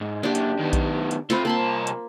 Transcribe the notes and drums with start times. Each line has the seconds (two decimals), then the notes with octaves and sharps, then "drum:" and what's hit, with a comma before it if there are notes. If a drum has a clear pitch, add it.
0.01 G#2
0.23 C#3 A#3 D4 G4
0.35 drum: hi-hat
0.59 D#3 B3
0.73 drum: kick A#1, hi-hat
1.11 drum: hi-hat
1.30 C4 F4 A4 B5, drum: snare
1.45 C2 A#3 A5 B5 C6
1.87 drum: hi-hat